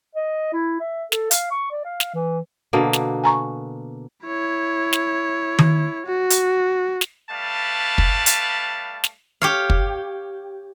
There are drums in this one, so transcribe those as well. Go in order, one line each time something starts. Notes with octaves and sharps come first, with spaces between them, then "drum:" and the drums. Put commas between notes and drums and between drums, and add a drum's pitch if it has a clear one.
D#5
E4
E5
A4, drum: snare
F5, drum: hi-hat
C#6
D5
F5
drum: snare
E3
B2 D3 A#3
drum: snare
G#5 A#5 C#6
E4 C#5
drum: snare
drum: tom D#3
F#4
drum: hi-hat
drum: snare
G3 A3 B4 F5 A5
drum: kick
drum: hi-hat
drum: snare
G4 C#5 F5
drum: kick